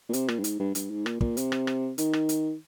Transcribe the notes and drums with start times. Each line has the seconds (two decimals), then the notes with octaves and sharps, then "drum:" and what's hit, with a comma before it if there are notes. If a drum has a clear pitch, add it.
0.09 A#2
0.13 C3, drum: hi-hat
0.28 A#2, drum: rim click
0.39 G2
0.44 G#2, drum: hi-hat
0.60 G2
0.75 G2, drum: hi-hat
0.91 G#2
1.06 A#2, drum: rim click
1.21 A#2, drum: kick
1.37 C3, drum: hi-hat
1.52 drum: rim click
1.67 drum: rim click
1.98 D#3, drum: hi-hat
2.13 drum: rim click
2.29 drum: hi-hat